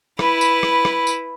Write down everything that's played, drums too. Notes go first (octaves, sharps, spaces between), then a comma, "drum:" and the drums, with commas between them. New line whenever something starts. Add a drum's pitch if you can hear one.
E4 B4, drum: rim click
drum: tambourine
drum: rim click
drum: rim click
drum: tambourine